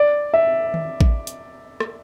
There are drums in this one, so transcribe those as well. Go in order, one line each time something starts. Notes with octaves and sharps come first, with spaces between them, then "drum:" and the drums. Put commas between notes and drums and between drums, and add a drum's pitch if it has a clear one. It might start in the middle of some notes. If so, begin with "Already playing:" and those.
Already playing: D5
E5
drum: tom D#3
drum: kick A1
drum: hi-hat
drum: rim click